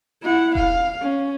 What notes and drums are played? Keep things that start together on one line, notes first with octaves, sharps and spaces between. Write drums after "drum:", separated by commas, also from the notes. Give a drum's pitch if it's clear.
E4 F#5
F5, drum: kick E1
C#4